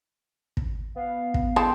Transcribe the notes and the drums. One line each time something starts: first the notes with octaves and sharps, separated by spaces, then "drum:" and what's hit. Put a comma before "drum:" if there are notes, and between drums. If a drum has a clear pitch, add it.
drum: kick
B3 F5
drum: kick
G#3 E4 A4 G5 A5 C6